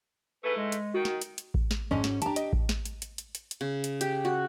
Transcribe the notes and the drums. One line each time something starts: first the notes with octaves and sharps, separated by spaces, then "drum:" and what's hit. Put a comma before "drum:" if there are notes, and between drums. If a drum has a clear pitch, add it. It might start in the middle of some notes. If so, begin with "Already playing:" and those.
G#2 E3 A3 B4
G#3
drum: hi-hat
D#3 F#4
drum: snare
drum: hi-hat
drum: hi-hat
drum: kick A1
drum: snare
G#2 G#3 C#4 D4 D#5
F#4, drum: snare
D4 G4 A5 A#5, drum: hi-hat
D#5, drum: hi-hat
drum: kick A1
drum: snare
drum: hi-hat
drum: hi-hat
drum: hi-hat
drum: hi-hat
drum: hi-hat
C#3
drum: hi-hat
G4, drum: hi-hat
F#4